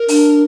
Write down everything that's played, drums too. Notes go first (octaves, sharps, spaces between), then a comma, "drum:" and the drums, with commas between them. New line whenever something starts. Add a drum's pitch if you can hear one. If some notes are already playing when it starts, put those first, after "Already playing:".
Already playing: A#4
D4, drum: open hi-hat